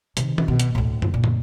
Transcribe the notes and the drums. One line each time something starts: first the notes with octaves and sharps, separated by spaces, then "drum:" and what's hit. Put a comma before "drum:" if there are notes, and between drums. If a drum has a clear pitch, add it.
C3 D#3, drum: hi-hat
drum: tom D#3
B2
drum: hi-hat
D2 A2
drum: tom
A#2
drum: tom